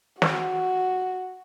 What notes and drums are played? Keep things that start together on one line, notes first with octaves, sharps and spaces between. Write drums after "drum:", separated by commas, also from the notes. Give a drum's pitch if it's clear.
F#4, drum: snare